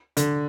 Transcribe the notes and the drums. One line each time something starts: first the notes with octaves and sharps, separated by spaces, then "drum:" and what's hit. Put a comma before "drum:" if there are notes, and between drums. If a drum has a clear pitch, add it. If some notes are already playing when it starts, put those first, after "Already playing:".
D3, drum: hi-hat